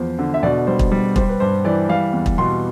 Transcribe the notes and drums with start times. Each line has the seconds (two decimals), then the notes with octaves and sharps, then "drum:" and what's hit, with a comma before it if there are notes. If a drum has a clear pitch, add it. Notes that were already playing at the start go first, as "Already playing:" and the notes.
Already playing: E2 F3 C5
0.19 D3
0.34 E5
0.43 B2 D5
0.67 G3 C5
0.79 drum: kick
0.92 G3
1.16 G3 C5, drum: kick
1.29 B4
1.40 G2 C5
1.64 E3 D5
1.89 G3 F5
2.13 E2
2.26 drum: kick
2.38 B2 C6